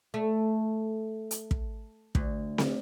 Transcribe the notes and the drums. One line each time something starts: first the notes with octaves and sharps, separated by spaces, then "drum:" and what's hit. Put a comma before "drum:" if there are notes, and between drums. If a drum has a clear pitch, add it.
A3
drum: hi-hat
drum: kick
D2, drum: kick
drum: snare C4